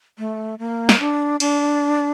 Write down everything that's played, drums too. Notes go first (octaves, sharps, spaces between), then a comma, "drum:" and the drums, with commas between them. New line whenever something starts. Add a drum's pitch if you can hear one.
A3
A#3
drum: snare
D4
D4, drum: cymbal